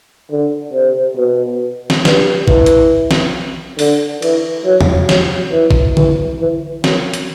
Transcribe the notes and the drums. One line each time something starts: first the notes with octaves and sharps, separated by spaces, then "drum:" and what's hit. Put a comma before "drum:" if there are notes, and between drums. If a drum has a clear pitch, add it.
D3
C3
B2
drum: snare
G2, drum: snare
E3, drum: kick G#1
drum: hi-hat
drum: snare
D3, drum: open hi-hat
E3, drum: cymbal
F#3
drum: tom
F#3, drum: snare
E3
drum: kick G#1
E3, drum: tom D3
E3
F#2, drum: snare
drum: hi-hat